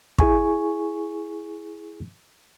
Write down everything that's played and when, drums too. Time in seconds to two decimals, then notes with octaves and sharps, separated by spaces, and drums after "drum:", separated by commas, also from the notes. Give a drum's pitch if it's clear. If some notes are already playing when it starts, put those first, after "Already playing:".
0.19 E4 G#4 G#5 C#6, drum: kick